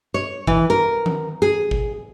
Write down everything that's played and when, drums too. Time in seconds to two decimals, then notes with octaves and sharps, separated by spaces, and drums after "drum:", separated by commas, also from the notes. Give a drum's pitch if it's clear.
0.14 C#5
0.47 E3, drum: kick
0.70 A#4
1.06 drum: tom D#3
1.42 G#4
1.71 drum: kick